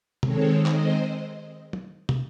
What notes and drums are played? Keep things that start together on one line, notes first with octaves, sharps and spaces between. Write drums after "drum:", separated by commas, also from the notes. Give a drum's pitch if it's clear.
D#3 G#3 C4 A4 C#5, drum: tom
C5 D#5, drum: clap
drum: tom F#3
drum: tom